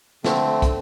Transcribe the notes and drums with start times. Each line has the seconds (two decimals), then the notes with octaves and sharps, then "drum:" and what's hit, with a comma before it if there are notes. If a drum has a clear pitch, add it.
0.24 D3 A3 C4, drum: snare
0.62 drum: kick, hi-hat